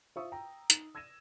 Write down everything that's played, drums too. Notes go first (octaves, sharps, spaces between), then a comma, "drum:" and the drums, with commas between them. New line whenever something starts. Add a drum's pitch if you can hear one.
F4 C5 E5 C#6 D#6 E6
G5 A#5
D#4, drum: hi-hat
E6 G#6 A#6 D#7 E7